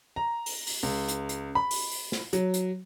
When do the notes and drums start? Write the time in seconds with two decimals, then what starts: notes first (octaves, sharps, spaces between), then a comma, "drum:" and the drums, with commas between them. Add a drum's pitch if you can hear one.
0.16 A#5
0.46 drum: open hi-hat
0.67 drum: open hi-hat
0.83 C#2
1.08 drum: hi-hat
1.29 drum: hi-hat
1.55 B5
1.71 drum: open hi-hat
1.91 drum: open hi-hat
2.12 drum: snare
2.33 F#3, drum: hi-hat
2.54 drum: hi-hat